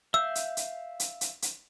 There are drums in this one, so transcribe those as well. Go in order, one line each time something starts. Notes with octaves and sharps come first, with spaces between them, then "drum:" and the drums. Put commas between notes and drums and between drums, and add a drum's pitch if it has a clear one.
E5 F5 E6 G6
drum: hi-hat
drum: hi-hat
drum: hi-hat
drum: hi-hat
drum: hi-hat